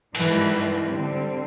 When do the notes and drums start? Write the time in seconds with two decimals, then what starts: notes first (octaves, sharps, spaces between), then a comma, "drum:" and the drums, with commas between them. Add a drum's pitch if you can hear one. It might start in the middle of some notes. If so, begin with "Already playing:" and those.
0.15 G#2 E3 G3, drum: cymbal
0.88 D3 G3 C4